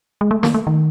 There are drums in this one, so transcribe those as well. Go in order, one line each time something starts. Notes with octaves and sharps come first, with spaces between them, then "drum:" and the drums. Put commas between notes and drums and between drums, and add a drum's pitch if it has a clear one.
G#3
A3
A#3, drum: snare
A3
D#3